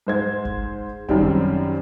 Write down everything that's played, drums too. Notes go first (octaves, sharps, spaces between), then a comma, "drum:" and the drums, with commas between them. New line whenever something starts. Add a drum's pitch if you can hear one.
G#2 C5 G#6
drum: kick F#1
F#2 D#3 G3 C4, drum: kick F#1